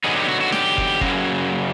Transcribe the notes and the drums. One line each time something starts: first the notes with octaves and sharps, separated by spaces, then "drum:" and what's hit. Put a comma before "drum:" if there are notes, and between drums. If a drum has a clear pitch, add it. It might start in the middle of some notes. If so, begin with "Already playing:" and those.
D3 F#3 B3 D#4 G#4
G4
F#4
F#4
G4, drum: snare
drum: kick
F#2 C#3 F#3 A#3, drum: kick